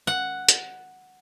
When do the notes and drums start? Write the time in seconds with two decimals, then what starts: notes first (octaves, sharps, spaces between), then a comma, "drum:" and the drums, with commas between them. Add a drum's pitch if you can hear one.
0.07 F#5
0.49 drum: hi-hat